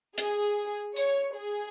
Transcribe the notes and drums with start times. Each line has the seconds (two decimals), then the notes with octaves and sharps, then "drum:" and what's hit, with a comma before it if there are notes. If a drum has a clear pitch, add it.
0.18 G#4, drum: hi-hat
0.96 C#5, drum: tambourine
1.35 G#4